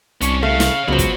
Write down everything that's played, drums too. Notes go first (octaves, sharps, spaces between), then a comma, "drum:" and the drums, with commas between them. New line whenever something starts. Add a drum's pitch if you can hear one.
C2 C#4 D4 C#6, drum: hi-hat
C#3 A3 F5
drum: snare
C#2 B2 F3 F#3
drum: kick, hi-hat